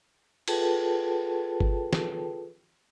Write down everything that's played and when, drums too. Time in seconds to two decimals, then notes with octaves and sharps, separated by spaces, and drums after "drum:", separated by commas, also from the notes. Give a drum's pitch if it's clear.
0.48 F4 G#4 A4 B4 G5 A5, drum: cymbal
1.60 drum: kick G1
1.93 drum: snare